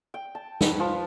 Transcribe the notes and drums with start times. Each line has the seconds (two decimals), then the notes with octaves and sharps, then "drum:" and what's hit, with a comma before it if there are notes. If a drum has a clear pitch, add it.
0.14 G5
0.35 A5
0.61 B4, drum: snare
0.80 F3